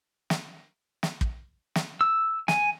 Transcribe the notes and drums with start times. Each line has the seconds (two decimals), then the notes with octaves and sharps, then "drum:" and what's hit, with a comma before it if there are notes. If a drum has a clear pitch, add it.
0.30 drum: snare
1.03 drum: snare
1.21 drum: kick
1.75 drum: snare
2.01 E6
2.48 G#5, drum: snare